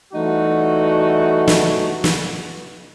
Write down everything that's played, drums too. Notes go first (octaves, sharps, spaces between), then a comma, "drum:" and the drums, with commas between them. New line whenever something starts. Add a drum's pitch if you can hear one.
E3 G3 A3 D#4 F#4
drum: snare
drum: snare